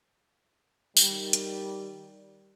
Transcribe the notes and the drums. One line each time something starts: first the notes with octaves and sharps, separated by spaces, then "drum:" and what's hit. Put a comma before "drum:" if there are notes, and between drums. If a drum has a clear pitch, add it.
D#3 G3, drum: tambourine
drum: hi-hat